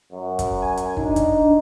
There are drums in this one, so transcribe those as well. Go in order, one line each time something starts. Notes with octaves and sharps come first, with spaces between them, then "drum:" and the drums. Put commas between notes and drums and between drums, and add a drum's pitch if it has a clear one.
F#2
drum: kick, hi-hat
G#5
drum: hi-hat
D4 D#4, drum: kick
drum: kick, hi-hat